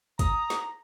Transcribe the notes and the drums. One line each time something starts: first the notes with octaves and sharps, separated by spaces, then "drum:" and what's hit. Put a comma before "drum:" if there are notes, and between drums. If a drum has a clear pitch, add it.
A#5 D#6, drum: kick, hi-hat
drum: snare